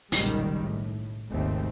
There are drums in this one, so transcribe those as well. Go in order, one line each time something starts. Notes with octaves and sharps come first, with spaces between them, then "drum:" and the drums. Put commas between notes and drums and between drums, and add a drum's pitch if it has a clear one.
F#1 B1 A#2 D#3 G3 G#3, drum: open hi-hat
A2
G#1 D#2 G#2 C#3 A3 C4